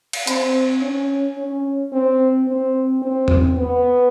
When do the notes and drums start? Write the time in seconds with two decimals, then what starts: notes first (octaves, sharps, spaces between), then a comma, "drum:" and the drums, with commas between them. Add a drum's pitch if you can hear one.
0.13 drum: cymbal
0.27 C4, drum: hi-hat
0.82 C#4
1.38 C#4
1.93 C4
2.48 C4
3.03 C4
3.28 drum: tom E2
3.58 B3